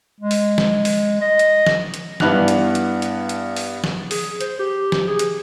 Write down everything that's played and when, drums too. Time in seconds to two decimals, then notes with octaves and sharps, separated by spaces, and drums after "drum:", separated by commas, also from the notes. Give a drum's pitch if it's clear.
0.20 G#3
0.31 drum: open hi-hat
0.58 drum: snare
0.85 drum: open hi-hat
1.21 D#5
1.39 drum: hi-hat
1.67 drum: snare
1.94 drum: hi-hat
2.20 G2 E3 B3 D4 F#6 F7, drum: snare
2.48 drum: hi-hat
2.75 drum: hi-hat
3.02 drum: hi-hat
3.29 drum: hi-hat
3.57 drum: open hi-hat
3.84 drum: snare
4.11 G#4, drum: open hi-hat
4.41 C5, drum: hi-hat
4.59 G4
4.92 drum: snare
5.07 G#4
5.19 drum: hi-hat